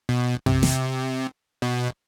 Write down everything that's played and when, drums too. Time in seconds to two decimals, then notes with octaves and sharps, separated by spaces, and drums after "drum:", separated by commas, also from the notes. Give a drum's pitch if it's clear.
0.09 B2
0.46 C3, drum: tom F2
0.63 drum: snare
1.62 B2